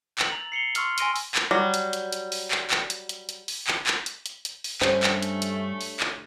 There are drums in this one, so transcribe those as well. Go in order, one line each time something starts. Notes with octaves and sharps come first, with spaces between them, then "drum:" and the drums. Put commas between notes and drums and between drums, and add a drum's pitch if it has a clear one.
E6 F#7, drum: clap
A#5 A6 F7
C7 C#7 F7 G7
C6 C#6 E6 F6 C7, drum: hi-hat
G#5 C6 A#6 D7 D#7 G7, drum: hi-hat
drum: open hi-hat
drum: clap
F#3 G3
drum: hi-hat
drum: hi-hat
drum: hi-hat
drum: open hi-hat
drum: clap
drum: clap
drum: hi-hat
drum: hi-hat
drum: hi-hat
drum: open hi-hat
drum: clap
drum: clap
drum: hi-hat
drum: hi-hat
drum: hi-hat
drum: open hi-hat
G2 A3 C#4 D4 G4 C5 C#5, drum: clap
drum: clap
drum: hi-hat
drum: hi-hat
drum: open hi-hat
drum: clap